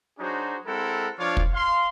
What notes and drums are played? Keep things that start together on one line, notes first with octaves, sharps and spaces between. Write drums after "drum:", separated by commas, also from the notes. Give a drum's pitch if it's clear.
F#3 D4 D#4 F#4 G#4 C5
G#3 C4 E4 A4 A#4 F#5
F3 D4 F4 C#5 D5 F5
drum: kick
F5 C6